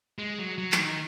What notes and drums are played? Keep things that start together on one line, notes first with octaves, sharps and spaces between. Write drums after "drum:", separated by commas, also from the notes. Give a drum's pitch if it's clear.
G#3
F#3
F#3
F3, drum: clap
D#3